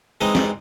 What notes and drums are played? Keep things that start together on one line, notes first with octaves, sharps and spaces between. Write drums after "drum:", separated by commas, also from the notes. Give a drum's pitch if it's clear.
E3 G#3 C4 D#4 D#5
D5, drum: snare